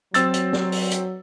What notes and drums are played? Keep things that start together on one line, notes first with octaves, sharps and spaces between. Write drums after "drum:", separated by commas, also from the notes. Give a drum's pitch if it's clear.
F#3 C4 E6 A6, drum: hi-hat
drum: hi-hat
drum: snare
drum: open hi-hat
drum: hi-hat